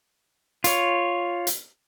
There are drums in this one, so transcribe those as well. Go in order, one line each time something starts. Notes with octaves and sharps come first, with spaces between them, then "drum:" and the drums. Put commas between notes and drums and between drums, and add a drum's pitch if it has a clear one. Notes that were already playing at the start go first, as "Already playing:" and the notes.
F4 C#5, drum: hi-hat
drum: hi-hat